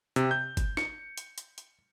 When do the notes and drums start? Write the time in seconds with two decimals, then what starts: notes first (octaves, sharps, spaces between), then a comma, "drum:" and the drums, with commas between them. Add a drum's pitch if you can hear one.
0.16 C3, drum: hi-hat
0.31 G6
0.57 drum: kick G1, hi-hat
0.77 C#7, drum: snare
1.18 drum: hi-hat
1.38 drum: hi-hat
1.58 drum: hi-hat